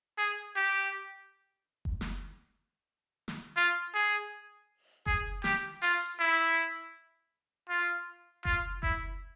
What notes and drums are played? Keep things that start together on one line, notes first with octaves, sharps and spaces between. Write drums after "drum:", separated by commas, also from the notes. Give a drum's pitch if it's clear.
G#4
G4
drum: kick F#1
drum: snare
drum: snare
F4
G#4
G#4, drum: kick F#1
G4, drum: snare
F4, drum: open hi-hat
E4
F4
F4, drum: kick F#1
E4, drum: kick F#1